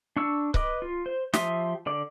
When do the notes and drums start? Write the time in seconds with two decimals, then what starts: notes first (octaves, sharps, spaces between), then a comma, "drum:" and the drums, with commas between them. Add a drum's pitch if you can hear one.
0.16 D4 C#6 E6
0.54 B4 D#5 D6, drum: kick C#1
0.82 F4
1.06 C5
1.33 F3 G4 E5 C6 D#6, drum: snare
1.86 D3 D5 D6